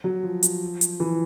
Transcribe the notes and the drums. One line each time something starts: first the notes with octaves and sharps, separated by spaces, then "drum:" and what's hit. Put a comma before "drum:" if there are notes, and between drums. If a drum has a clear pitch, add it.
F#3
F3
drum: hi-hat
drum: hi-hat
E3